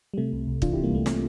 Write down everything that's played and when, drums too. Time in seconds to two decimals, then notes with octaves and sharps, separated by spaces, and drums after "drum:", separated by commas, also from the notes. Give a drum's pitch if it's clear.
0.14 G3
0.17 C3 A3
0.33 C2
0.47 C2
0.62 E3 D4 F4, drum: kick
0.72 C3 E4 G4
0.83 G3 A#3
0.91 C2 A3
1.06 A3 C4, drum: snare